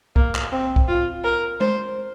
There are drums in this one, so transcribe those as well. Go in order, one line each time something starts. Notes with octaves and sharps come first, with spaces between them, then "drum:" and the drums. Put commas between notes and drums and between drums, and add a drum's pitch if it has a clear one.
A#3, drum: kick B1
drum: clap
C4
drum: kick B1
F4
A#4
C5, drum: tom G#3